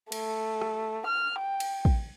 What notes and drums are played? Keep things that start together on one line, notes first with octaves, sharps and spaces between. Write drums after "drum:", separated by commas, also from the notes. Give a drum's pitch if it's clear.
A3, drum: cymbal
drum: rim click
F6
G5
drum: cymbal
drum: kick